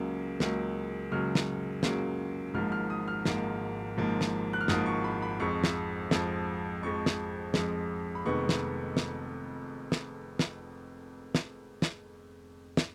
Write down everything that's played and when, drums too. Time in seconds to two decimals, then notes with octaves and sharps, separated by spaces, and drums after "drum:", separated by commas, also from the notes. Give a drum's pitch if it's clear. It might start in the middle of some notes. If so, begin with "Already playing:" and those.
Already playing: C#2 C#3 F#3 A#3
0.40 C#2 C#3 F#3 A#3, drum: snare
1.12 C#2 C#3 F#3 A#3 F6
1.35 drum: snare
1.83 C#2 C#3 F#3 A#3, drum: snare
2.54 G#1 G#2 F3 A#3 F6
2.72 F6
2.90 D#6
3.08 F6
3.25 G#1 G#2 F3 A#3, drum: snare
3.97 G#1 G#2 F3 A#3
4.21 drum: snare
4.53 F#6
4.61 F6
4.68 G#1 G#2 F3 A#3 D#6, drum: snare
4.86 C#6
5.04 B5
5.22 B5
5.40 F2 F3 G#3 C#6
5.64 drum: snare
6.11 F2 F3 G#3, drum: snare
6.83 F2 F3 G#3 C#6
7.06 drum: snare
7.54 F2 F3 G#3, drum: snare
8.15 B5
8.25 F1 F2 D#3 G#3 B3 C#6
8.49 drum: snare
8.97 drum: snare
9.92 drum: snare
10.39 drum: snare
11.35 drum: snare
11.82 drum: snare
12.77 drum: snare